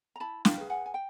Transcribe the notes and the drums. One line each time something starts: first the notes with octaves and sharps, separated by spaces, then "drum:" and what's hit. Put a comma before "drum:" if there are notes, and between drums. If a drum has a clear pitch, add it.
A#5
E4 A5 B5
F5 G5, drum: snare
G#4 B4
F#5 G#5
G#5
G5